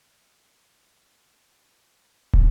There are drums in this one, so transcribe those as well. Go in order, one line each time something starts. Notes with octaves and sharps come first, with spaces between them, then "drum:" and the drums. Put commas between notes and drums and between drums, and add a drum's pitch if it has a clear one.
C#2
drum: kick